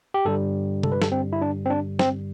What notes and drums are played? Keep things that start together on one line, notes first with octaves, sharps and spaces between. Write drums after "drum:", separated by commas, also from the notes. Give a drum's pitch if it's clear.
G4
G2 D3 G3 A4
A4, drum: tom C3
B4
A4, drum: snare
C4
E4
D4
C4
D4
C4, drum: snare